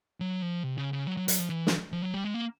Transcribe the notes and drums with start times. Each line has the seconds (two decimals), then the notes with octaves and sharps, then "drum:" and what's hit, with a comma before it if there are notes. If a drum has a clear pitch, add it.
0.21 F#3
0.42 F3
0.63 C3
0.78 C#3
0.93 C#3
1.07 F#3
1.17 F#3
1.28 F#3, drum: hi-hat
1.39 F3
1.49 E3
1.67 drum: snare
1.92 F3
2.02 F#3
2.14 G3
2.24 G#3
2.34 A#3